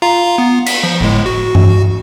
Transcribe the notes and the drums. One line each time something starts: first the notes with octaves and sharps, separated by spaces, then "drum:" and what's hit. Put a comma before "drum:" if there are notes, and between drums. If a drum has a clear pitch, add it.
F4 F5 A#5
B3
B6, drum: cymbal
F3
G1 A2 G#3
F#4
drum: tom G2